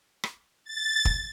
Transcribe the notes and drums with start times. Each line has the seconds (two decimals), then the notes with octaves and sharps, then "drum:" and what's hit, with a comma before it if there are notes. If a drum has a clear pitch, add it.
0.24 drum: rim click
0.64 A6
1.05 drum: kick